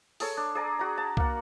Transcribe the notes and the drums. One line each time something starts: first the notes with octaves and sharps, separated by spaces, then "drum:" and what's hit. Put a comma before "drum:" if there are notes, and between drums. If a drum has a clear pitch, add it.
G#4 A4 C#5, drum: open hi-hat
D4
G#4 D5 A#5
F#4 A#5
A5
A#3 F#5, drum: kick C2